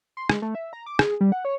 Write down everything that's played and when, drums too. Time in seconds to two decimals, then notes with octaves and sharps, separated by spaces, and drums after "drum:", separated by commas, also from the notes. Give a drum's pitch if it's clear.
0.17 C6
0.29 G#3, drum: rim click
0.42 A3
0.55 E5
0.73 A#5
0.86 D6
0.99 G#4, drum: rim click
1.21 G3
1.32 F#5
1.45 C#5